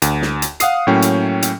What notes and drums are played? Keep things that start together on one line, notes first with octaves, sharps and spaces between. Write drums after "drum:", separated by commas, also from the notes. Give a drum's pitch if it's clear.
D2, drum: hi-hat
drum: snare
drum: hi-hat
F5 F#5 D#6 C7, drum: hi-hat
A2 F#3 A#3 C#4 G5
drum: hi-hat
drum: hi-hat